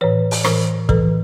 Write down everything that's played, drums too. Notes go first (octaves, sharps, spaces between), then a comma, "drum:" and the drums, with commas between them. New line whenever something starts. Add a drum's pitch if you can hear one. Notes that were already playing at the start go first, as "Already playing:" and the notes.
A2 E3 B4 C#5
drum: open hi-hat
A2 E3 A#4 C5, drum: rim click
A2 E3 A4 B4, drum: kick